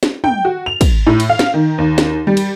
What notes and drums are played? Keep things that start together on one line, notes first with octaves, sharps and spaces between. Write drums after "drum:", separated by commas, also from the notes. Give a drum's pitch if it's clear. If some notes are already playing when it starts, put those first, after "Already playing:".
drum: snare
G5, drum: tom
F#4
F7
drum: kick, cymbal
A2
drum: cymbal
F5
drum: snare
D#3
D#2
drum: snare
G3
drum: cymbal